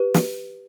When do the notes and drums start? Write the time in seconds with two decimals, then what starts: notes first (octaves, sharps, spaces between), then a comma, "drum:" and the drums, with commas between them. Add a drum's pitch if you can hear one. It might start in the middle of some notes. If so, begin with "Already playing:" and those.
Already playing: G4 B4
0.14 drum: snare